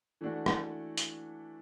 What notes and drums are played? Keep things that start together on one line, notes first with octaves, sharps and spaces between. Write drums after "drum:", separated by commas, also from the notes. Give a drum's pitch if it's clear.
E3 A3 D4 F#4
drum: rim click
drum: hi-hat